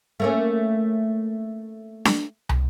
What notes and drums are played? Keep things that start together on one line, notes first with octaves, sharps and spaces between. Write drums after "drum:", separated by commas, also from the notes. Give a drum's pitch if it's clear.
A3 A#3 C#4
drum: snare D4
drum: tom